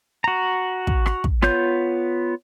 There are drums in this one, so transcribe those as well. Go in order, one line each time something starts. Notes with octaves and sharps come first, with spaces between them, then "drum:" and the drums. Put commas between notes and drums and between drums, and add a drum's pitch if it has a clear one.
F#4 A#5
drum: kick
drum: rim click
drum: kick
B3 F4 C#5 G6, drum: rim click